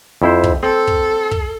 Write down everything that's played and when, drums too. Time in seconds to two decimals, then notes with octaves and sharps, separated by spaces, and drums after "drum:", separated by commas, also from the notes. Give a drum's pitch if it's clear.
0.22 F2 E4 C5
0.44 drum: kick
0.63 C4 A4
0.87 drum: kick
1.31 drum: kick